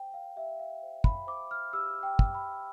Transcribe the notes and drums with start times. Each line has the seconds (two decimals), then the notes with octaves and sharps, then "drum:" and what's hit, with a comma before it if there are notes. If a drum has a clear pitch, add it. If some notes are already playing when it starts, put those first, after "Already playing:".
Already playing: C5 G5
0.14 F5
0.36 G4 E5
0.59 F5
0.83 C5
1.04 B5, drum: kick
1.27 C5 D6
1.51 F6
1.73 G4 E6
2.03 G5
2.19 G4, drum: kick
2.34 B5